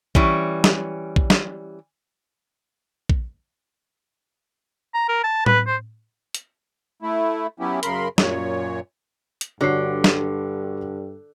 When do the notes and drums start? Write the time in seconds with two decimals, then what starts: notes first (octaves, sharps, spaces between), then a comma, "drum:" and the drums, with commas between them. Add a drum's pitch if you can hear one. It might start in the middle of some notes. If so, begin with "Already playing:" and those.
0.15 E3 G3 C#4, drum: kick A#1
0.64 drum: snare
1.16 drum: kick A#1
1.30 drum: snare
3.09 drum: kick A#1
4.94 A#5
5.09 A#4
5.24 A5
5.46 B4, drum: tom A2
5.67 C5
6.34 drum: hi-hat
7.02 A3 E4
7.60 F#3 B3 C#4 E4 G4
7.83 F#2 C#3 A#4 B5 C6, drum: hi-hat
8.18 F#2 A#2 C#5, drum: snare
9.41 drum: hi-hat
9.61 G2 D3 F#4 C#5 C7
10.04 drum: snare